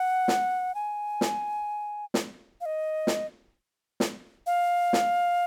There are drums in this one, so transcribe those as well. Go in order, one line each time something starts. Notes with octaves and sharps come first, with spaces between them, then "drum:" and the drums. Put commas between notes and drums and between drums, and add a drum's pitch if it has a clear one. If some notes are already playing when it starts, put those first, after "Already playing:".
Already playing: F#5
drum: snare
G#5
drum: snare
drum: snare
F5
D#5
drum: snare
drum: snare
F5
drum: snare